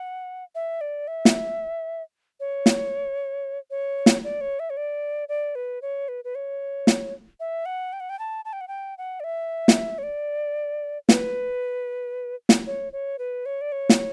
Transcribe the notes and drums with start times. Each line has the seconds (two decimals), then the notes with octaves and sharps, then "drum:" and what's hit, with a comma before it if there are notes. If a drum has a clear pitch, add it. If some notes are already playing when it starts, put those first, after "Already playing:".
Already playing: F#5
0.55 E5
0.81 D5
1.08 E5
1.25 drum: snare
2.40 C#5
2.66 drum: snare
3.71 C#5
4.06 drum: snare
4.24 D5
4.41 C#5
4.60 E5
4.70 C#5
4.77 D5
5.29 D5
5.55 B4
5.82 C#5
6.08 B4
6.24 B4
6.35 C#5
6.87 drum: snare
7.40 E5
7.66 F#5
7.93 G5
8.00 F#5
8.10 G5
8.19 A5
8.45 A5
8.53 G5
8.61 F#5
8.68 G5
8.98 F#5
9.20 D5
9.24 E5
9.68 drum: snare
9.98 C#5
10.03 D5
11.09 B4, drum: snare
12.49 drum: snare
12.67 C#5
12.93 C#5
13.19 B4
13.46 C#5
13.61 D5
13.72 C#5
13.89 drum: snare